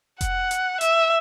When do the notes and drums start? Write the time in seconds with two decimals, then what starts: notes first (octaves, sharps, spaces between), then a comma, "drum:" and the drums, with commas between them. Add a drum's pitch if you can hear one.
0.21 F#5, drum: kick F1, hi-hat
0.51 drum: hi-hat
0.81 E5, drum: hi-hat